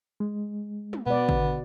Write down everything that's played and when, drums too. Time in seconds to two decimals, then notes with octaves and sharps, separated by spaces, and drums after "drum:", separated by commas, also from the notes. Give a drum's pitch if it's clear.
0.20 G#3
0.93 drum: tom
1.06 B2 B3 D5
1.29 D3, drum: kick G#1